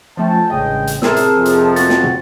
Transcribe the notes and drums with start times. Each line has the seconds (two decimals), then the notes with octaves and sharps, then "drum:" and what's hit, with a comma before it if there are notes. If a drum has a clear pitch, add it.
0.17 F3 A3 C#4 G5 A5
0.50 A1 G2 C#3 G#3 D#5 G5
0.87 drum: hi-hat
1.02 A2 C3 C4 G#4 A#4 A5 E6, drum: snare
1.16 drum: hi-hat
1.36 F2 C3 F3
1.45 drum: hi-hat
1.76 C4 F#4 F#5 A6, drum: hi-hat
1.89 drum: snare
2.04 drum: tom